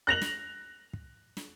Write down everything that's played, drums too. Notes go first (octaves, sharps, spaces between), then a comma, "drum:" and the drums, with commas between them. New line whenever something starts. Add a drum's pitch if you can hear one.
F#6 A#6 F7 F#7
drum: snare
drum: kick
drum: snare